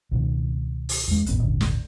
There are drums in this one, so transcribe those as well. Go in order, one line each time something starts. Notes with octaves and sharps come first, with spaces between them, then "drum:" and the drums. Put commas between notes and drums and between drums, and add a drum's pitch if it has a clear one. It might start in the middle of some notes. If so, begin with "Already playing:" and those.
C#2 B2 D#3
drum: open hi-hat
E2 G#3
D#1 G#1 B3, drum: hi-hat
D#1 G#1 D3
drum: snare